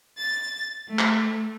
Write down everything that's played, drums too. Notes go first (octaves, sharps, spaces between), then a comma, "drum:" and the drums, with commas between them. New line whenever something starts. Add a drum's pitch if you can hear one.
A6
A3
drum: clap